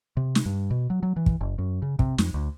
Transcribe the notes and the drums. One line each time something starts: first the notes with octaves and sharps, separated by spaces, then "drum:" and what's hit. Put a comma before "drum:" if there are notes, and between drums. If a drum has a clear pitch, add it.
C3
drum: snare
G2
B2
F#3
F#3
E3
drum: kick
F#1
F#2
C#3
C3, drum: kick
F2, drum: snare
D2